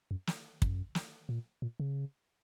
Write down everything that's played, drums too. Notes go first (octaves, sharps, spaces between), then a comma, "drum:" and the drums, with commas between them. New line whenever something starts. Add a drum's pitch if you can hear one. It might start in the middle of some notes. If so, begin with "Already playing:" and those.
F#2
drum: snare
F#2, drum: kick
drum: snare
A#2
A#2
C#3